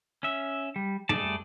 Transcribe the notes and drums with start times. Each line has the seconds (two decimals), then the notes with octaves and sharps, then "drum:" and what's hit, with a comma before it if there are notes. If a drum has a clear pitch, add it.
0.23 C#4 E5
0.76 G3
1.09 G3 A3 G#4 D5 A5, drum: tom